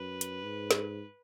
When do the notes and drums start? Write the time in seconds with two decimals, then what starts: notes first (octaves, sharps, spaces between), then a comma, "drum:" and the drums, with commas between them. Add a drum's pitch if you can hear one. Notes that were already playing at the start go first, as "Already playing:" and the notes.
Already playing: F#2 B4
0.21 drum: hi-hat
0.43 G#2
0.71 drum: snare